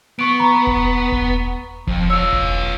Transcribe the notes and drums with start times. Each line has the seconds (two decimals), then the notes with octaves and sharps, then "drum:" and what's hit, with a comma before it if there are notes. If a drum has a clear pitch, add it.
0.19 B3 C#6 D7
0.40 A#5 B5 C#6
0.67 drum: kick E1
1.12 drum: kick E1
1.87 F2, drum: kick E1
2.10 F4 C#5 E6
2.33 drum: kick E1